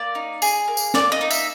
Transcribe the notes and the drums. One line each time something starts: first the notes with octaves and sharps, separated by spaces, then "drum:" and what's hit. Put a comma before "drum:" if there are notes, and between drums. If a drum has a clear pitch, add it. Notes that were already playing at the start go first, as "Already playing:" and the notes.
Already playing: A#3 D5
D#4
G#4, drum: tambourine
A#3
drum: tambourine
A#3 D5, drum: snare
D#5
D#4
E5, drum: tambourine